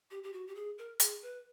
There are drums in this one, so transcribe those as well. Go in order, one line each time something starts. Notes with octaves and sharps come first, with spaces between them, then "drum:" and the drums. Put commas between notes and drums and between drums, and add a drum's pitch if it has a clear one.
G4
G4
F#4
G4
G#4
A#4
G#4, drum: hi-hat
B4